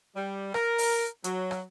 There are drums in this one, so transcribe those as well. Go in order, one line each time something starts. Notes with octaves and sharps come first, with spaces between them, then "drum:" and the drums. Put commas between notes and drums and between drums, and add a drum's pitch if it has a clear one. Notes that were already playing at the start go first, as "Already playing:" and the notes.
G3
A#4, drum: rim click
drum: open hi-hat
F#3, drum: hi-hat
drum: rim click